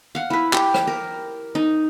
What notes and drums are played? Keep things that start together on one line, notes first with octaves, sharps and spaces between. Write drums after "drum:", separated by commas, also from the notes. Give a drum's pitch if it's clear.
F5 F#5
E4 B4
G4 G5, drum: clap
drum: rim click
A#4
D#4